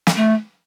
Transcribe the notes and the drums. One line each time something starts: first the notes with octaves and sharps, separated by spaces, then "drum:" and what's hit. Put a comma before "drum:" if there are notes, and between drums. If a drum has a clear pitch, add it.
drum: snare
A3